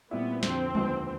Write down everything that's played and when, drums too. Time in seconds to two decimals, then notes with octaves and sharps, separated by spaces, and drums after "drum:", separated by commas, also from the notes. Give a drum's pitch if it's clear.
0.11 A#2 G3 B3 C4 E4
0.43 F2 D3 F3 C4, drum: snare
0.75 D#2 D3 F3 G#3 B3, drum: tom G3